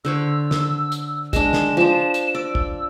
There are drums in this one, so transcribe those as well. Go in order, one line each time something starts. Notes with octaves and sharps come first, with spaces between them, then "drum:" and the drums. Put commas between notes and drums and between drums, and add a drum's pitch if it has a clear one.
D3 C5 C#5 E6
drum: snare
drum: hi-hat
G#3 D4 E7, drum: kick, hi-hat
drum: snare
F3 D4
drum: hi-hat
D5 E6
drum: kick